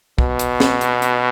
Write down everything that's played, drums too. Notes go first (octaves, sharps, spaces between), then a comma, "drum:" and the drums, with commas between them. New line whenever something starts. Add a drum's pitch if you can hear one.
B2, drum: kick
drum: hi-hat
drum: snare
drum: hi-hat
drum: hi-hat